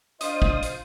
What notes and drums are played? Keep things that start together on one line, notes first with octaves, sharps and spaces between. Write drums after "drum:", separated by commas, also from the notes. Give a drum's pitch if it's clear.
D4 F4 C5 D#5 F5 D#6, drum: hi-hat
drum: kick
drum: hi-hat